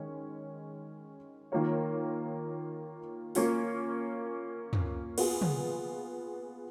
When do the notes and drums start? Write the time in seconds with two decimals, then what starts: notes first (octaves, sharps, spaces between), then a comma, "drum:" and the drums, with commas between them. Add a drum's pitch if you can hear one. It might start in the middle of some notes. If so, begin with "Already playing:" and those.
Already playing: D#3 G#3 C#4
1.52 D#3 A#3 F4 A#4 C#5
3.35 A#3 C#4 F4, drum: open hi-hat
4.73 drum: tom
5.18 B3 F4 G#4, drum: cymbal
5.42 drum: tom